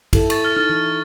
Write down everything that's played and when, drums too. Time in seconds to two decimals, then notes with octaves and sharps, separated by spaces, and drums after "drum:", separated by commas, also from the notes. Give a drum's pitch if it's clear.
0.13 E4 A4, drum: kick, cymbal
0.30 C#6 A6, drum: cymbal
0.44 F6 A6
0.57 D#4 F6 A6
0.69 E3